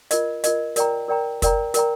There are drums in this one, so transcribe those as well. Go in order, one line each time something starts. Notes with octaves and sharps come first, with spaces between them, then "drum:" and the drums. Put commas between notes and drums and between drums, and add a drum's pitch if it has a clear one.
F4 A#4 D#5, drum: hi-hat
F4 A#4 D#5, drum: hi-hat
A#4 D5 G5 A#5, drum: hi-hat
A#4 D5 G5 A#5
A#4 D5 G5 A#5, drum: kick, hi-hat
A#4 D5 G5 A#5, drum: hi-hat